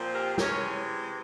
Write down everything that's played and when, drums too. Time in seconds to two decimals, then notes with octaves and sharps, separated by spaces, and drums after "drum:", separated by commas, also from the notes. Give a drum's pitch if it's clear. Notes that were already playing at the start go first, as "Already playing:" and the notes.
Already playing: A#2 F3 C4
0.14 G4 A#4
0.38 C3 E3 G#3 C#4 A#4 C#5, drum: snare